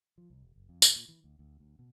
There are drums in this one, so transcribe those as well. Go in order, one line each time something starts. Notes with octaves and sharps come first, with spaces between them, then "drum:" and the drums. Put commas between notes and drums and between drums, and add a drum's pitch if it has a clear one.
F3
C2
E1
F#1
F2
D#2, drum: tambourine
A#2
E3
D2
D2
D2
B2